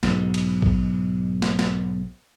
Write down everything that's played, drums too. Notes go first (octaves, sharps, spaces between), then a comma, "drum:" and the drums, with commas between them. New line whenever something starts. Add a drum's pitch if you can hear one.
B1 G#2, drum: snare
drum: cymbal
drum: kick
drum: snare
drum: snare